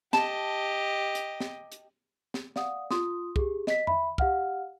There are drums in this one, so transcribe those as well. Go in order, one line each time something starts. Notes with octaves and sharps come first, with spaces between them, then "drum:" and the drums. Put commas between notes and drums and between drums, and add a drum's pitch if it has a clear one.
G4 D#5 A5, drum: snare
drum: hi-hat
drum: snare
drum: hi-hat
drum: snare
D5 F5 F#5 D#6, drum: snare
F4 C6 D#6, drum: snare
G4 G#4, drum: kick
D#5 B6, drum: snare
E5 B5, drum: tom
G4 F5 F#5 F6, drum: kick